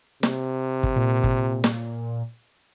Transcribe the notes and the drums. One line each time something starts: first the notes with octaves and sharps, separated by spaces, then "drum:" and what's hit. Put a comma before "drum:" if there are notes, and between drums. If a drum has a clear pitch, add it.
C3, drum: snare
drum: kick
A#2
drum: kick
drum: snare